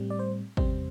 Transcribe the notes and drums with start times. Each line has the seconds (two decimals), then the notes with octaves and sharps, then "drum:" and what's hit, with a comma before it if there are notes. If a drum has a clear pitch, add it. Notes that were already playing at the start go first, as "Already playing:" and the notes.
Already playing: A2 G3 C4
0.10 D5
0.19 C5
0.57 E2 C3 G3 C4 C5, drum: kick